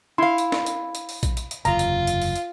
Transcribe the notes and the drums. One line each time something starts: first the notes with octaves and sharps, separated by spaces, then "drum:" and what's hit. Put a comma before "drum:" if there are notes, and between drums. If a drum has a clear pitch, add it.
E4 F5 C6
drum: hi-hat
drum: snare
drum: hi-hat
drum: hi-hat
drum: open hi-hat
drum: kick A#1, hi-hat
drum: hi-hat
drum: hi-hat
F#1 E2 C3 F4 A#5, drum: hi-hat
drum: hi-hat
drum: hi-hat
drum: open hi-hat
drum: hi-hat